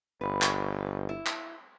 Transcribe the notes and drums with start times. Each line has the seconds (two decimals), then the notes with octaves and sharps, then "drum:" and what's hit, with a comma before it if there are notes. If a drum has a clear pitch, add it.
0.21 G1 B4
0.42 drum: clap
1.09 E4
1.27 drum: clap